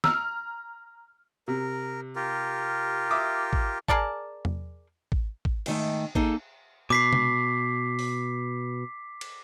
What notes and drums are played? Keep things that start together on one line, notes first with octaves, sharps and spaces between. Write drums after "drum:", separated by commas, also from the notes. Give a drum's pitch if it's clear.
A#5 E6 F6, drum: snare
C3 A#4
F4 G4 A#4
E5 D6 D#6
drum: kick
G#4 A#4 D5 A5, drum: kick
drum: tom E2
drum: kick
drum: kick
G#2 D#3 A3, drum: cymbal
A#3 D#4 G#4 A4 A5, drum: kick
B2 D6 B6 C7
drum: tom C3
drum: open hi-hat
drum: cymbal